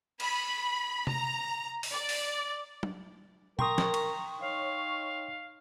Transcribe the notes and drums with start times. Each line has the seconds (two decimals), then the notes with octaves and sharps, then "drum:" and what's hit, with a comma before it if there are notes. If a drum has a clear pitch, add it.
0.20 B5, drum: cymbal
1.07 A#5, drum: tom C3
1.83 drum: open hi-hat
1.92 D5
2.09 drum: open hi-hat
2.83 drum: tom
3.59 A#4 G5 A#5 C6 C#6 D#6, drum: tom A#2
3.78 drum: snare
3.94 drum: cymbal
4.41 D#4 C#5 F5